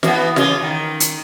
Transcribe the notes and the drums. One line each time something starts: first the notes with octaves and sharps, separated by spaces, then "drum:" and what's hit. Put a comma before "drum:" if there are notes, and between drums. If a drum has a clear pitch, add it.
E3 B3, drum: snare
C#3 F4 G#4, drum: snare
D#3
drum: hi-hat